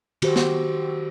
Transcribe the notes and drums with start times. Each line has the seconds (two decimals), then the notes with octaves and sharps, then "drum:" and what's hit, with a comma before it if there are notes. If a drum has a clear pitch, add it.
0.22 D#3 F#4 G4 C5, drum: cymbal
0.36 drum: snare